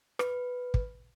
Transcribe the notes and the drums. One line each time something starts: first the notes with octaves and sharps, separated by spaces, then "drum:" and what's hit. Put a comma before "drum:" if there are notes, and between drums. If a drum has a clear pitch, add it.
B4, drum: rim click
drum: kick